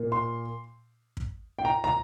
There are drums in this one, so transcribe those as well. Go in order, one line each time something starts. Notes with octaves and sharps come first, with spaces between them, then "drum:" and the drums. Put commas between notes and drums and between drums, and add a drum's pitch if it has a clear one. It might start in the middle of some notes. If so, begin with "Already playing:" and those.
Already playing: A#2 A#3
C6
drum: kick
G5
A#5
A#5, drum: tom